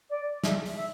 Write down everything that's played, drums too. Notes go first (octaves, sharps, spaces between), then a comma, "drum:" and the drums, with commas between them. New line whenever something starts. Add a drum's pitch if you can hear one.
D5
E5, drum: snare
drum: open hi-hat
E5